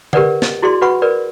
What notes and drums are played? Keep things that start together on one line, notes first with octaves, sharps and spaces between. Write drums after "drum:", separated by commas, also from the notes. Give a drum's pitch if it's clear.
G4 A#4 B4 D5 F#5, drum: tom D3
D#5, drum: snare
E4 F#4 G#4 D5 C6
F#4 B4 F#5 B5 C#6
A#4 B4 D5